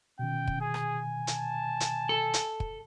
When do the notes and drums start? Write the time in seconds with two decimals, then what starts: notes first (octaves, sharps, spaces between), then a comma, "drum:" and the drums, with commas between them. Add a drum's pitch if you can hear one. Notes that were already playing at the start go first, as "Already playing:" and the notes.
0.19 B2 D#3 C#4 G5
0.47 drum: kick
0.61 G#4 G#5
0.74 drum: rim click
1.27 A5, drum: hi-hat
1.80 drum: hi-hat
2.09 A4
2.33 drum: hi-hat
2.60 drum: kick